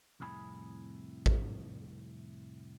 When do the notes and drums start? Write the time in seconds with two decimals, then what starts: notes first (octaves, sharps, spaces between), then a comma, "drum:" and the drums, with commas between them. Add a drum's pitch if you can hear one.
0.20 C2 F2 A2 G#4 B5
1.26 drum: kick A1